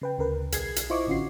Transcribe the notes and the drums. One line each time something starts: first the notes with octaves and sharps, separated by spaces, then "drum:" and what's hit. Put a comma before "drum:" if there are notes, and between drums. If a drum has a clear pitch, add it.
C#3 B4 G5
D2 C#3 A#4 B4
B1 G#4 G#6 C7, drum: hi-hat
drum: hi-hat
E4 F4 C5 D#5 C#6 D6
A1 D3 C#4 F4 F#4 C7